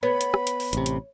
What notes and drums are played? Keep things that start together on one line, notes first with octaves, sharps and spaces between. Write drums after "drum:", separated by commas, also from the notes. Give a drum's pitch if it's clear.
B3 C#5 B5
drum: hi-hat
drum: rim click
drum: hi-hat
drum: open hi-hat
A1 C3, drum: hi-hat
drum: hi-hat